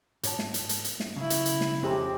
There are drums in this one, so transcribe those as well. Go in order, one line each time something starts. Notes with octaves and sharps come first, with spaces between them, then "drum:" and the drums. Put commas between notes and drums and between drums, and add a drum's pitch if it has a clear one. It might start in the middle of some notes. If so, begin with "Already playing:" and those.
G#2 C#5 A5, drum: hi-hat
drum: snare
drum: hi-hat
drum: hi-hat
drum: hi-hat
drum: snare
B1 C#3 E4
drum: hi-hat
drum: hi-hat
drum: snare
F2 G#3 C4 C#4 G4 A4 A#5